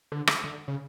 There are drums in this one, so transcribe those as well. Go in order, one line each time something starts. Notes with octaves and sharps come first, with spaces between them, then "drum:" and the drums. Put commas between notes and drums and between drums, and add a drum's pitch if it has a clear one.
D3
drum: rim click
D3
C#3